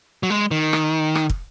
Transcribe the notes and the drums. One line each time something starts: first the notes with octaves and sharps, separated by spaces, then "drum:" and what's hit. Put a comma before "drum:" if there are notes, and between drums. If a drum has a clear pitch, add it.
F#3
G#3
D#3
drum: rim click
drum: rim click
drum: kick